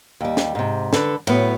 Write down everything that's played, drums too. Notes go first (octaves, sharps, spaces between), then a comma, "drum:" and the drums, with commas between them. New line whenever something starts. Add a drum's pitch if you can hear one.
D#2 G3
drum: snare
G#2 C3
D3 A4 B4, drum: snare
A2 F#3 B3, drum: cymbal